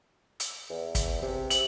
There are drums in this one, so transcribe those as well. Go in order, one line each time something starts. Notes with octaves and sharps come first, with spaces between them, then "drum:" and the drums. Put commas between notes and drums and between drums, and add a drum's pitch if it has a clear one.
drum: hi-hat
E2
drum: kick, hi-hat
C3
F#7, drum: hi-hat